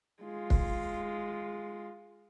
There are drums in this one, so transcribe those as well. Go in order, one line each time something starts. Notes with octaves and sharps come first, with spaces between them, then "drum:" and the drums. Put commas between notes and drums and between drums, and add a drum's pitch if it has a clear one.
G#3 F4
drum: kick